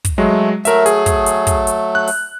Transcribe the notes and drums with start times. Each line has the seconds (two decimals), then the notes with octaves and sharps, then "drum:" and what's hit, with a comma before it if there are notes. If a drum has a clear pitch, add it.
0.05 drum: kick, hi-hat
0.18 F#3 G#3 A3
0.65 F#3 A3 A#4 E5, drum: hi-hat
0.86 G#4, drum: hi-hat
1.06 drum: kick, hi-hat
1.26 drum: hi-hat
1.47 drum: kick, hi-hat
1.67 drum: hi-hat
1.95 F#6
2.08 drum: open hi-hat